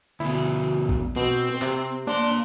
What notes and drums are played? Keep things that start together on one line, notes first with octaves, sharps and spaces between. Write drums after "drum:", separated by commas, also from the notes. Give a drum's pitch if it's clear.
D2 B2 E4
drum: kick A#1
B2 C4
C3, drum: clap
A#3 D4 C6